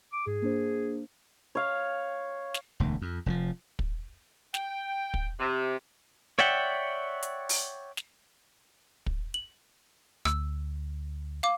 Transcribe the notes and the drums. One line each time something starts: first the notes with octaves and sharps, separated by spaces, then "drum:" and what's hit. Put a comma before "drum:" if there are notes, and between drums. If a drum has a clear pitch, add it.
D6
G#2 G#4
A#3 D4 C5
C#5 F5
drum: snare
E1 D2
F2
F1 A2 F3
drum: kick
G5, drum: snare
drum: kick
C3
C#5 D5 E5 F#5 G5
drum: hi-hat
drum: open hi-hat
drum: snare
drum: kick
F#7
D2 E6, drum: rim click
F5 D6